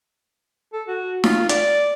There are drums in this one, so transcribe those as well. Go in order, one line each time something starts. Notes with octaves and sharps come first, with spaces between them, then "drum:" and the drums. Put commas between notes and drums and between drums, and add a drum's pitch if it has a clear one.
A4
F#4
F4, drum: snare
D5, drum: hi-hat